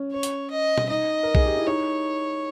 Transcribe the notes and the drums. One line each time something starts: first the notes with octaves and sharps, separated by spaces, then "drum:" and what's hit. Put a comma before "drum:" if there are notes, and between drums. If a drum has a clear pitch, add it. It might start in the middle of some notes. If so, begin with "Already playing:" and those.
Already playing: C#4
C#5
drum: hi-hat
D#5
drum: tom
D#4 D#5
A#4
G#4, drum: kick B1
G4
E4
D#4 C#5